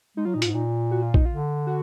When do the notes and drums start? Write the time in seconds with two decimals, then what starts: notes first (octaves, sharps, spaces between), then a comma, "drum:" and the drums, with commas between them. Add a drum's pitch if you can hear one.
0.17 G#3 D#4
0.25 F#3 F4
0.34 A#2 D#4
0.42 F4, drum: hi-hat
0.45 G#2
0.50 A#2 D#4
0.91 F#4
1.03 F4
1.14 D#4, drum: kick A#1
1.25 D3 F4
1.67 F#4